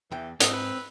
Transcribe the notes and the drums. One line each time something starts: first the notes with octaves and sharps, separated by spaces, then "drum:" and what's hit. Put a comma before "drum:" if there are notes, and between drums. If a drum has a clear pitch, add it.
E2 E3 G5
G#2 C4 D#5, drum: hi-hat
B4